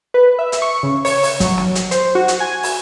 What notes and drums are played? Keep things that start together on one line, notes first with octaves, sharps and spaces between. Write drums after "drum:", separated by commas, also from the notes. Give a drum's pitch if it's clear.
B4
E5
drum: hi-hat
C#6
C#3
C#5, drum: open hi-hat
drum: open hi-hat
F#3, drum: kick, hi-hat
drum: snare
drum: hi-hat
C5, drum: hi-hat
F#4
drum: hi-hat
G#5
drum: open hi-hat